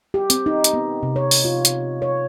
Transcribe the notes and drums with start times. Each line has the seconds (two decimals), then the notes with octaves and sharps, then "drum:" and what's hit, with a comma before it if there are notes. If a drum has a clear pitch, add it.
0.14 G4
0.30 C4, drum: hi-hat
0.46 D#4
0.64 drum: hi-hat
0.74 B3
1.03 C3
1.16 C#5
1.31 drum: open hi-hat
1.45 F4
1.65 drum: hi-hat
2.02 C#5